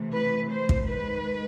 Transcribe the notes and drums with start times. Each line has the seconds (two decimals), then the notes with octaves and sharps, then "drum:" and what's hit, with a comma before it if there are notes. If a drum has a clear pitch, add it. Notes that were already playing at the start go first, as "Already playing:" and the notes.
Already playing: C3 E3 A3
0.13 B4
0.50 C5
0.69 drum: kick
0.88 D#3 G#3 B4